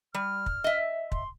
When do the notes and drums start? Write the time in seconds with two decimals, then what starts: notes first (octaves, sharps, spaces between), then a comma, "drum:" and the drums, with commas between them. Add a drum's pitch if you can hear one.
0.14 G3 F6
0.46 drum: kick
0.64 D#5 E5
1.12 C6, drum: kick